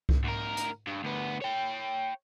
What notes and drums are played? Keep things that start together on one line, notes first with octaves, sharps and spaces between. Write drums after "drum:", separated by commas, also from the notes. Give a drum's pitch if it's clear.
drum: kick C2
D2 A#4
drum: hi-hat
G2
D2 B3
C#5 G5